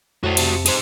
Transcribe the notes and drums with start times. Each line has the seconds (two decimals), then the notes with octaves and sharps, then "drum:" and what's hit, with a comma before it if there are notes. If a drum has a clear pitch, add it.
0.24 F2 A2 F#4 C5
0.37 C3 A5, drum: cymbal
0.66 G#4 C5, drum: cymbal